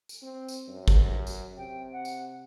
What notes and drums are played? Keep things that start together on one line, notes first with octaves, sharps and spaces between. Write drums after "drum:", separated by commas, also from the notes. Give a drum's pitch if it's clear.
drum: tambourine
C4
drum: tambourine
F#2
drum: kick, tambourine
drum: tambourine
C3 G5
F#5
drum: tambourine